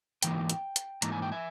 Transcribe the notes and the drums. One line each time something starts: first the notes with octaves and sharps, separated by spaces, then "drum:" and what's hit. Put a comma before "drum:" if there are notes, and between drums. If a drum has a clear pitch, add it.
G#2 E3 A#3 D#4 G5, drum: hi-hat
drum: hi-hat
drum: hi-hat
G#2 E3 A#3 D#4 A#5, drum: hi-hat
G#5
G5
E5 G#5